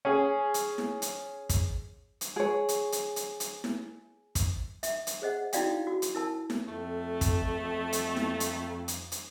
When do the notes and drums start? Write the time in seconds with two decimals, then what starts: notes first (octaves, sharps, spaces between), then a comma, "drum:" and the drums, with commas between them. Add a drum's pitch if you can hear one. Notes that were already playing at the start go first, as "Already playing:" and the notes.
0.05 C#4 G#4
0.54 drum: hi-hat
0.78 drum: snare E4
1.02 drum: hi-hat
1.49 drum: kick, hi-hat
2.21 drum: hi-hat
2.36 G#4 C#5
2.69 drum: hi-hat
2.92 drum: hi-hat
3.16 drum: hi-hat
3.40 drum: hi-hat
3.64 drum: snare E4
4.35 drum: kick, hi-hat
4.83 E5, drum: hi-hat
5.07 drum: hi-hat
5.22 G#4 C5 D#5 F#5
5.53 D#4 E4 F#4 D5 F5 G5, drum: hi-hat
5.87 F#4
6.02 drum: hi-hat
6.15 E4 A#4 A5
6.50 drum: snare E4
6.68 F2 A3
7.21 drum: kick, hi-hat
7.93 drum: hi-hat
8.16 drum: snare E4
8.40 drum: hi-hat
8.88 drum: hi-hat
9.12 drum: hi-hat